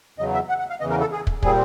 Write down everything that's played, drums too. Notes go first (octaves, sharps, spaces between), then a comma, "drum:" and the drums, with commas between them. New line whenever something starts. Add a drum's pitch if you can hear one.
E2 C#3 F#3 D#5
E5
F#5
F#5
F5
E2 C#3 E3 D#5
A#4
A4
G#4
drum: kick
A#2 G3 C4 G#4, drum: kick